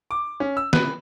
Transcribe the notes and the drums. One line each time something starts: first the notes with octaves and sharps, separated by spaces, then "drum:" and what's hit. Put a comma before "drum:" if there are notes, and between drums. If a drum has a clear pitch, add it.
D6
C#4
E6
B4, drum: snare